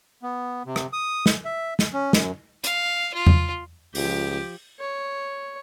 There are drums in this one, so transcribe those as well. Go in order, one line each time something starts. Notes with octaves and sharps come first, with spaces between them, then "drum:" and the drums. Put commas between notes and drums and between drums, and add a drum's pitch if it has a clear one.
B3
C3
drum: rim click
D#6
drum: snare
E5
drum: snare
C#4
F#2, drum: snare
F5, drum: hi-hat
F4
drum: tom E2
C#2 F3 G4, drum: open hi-hat
C#5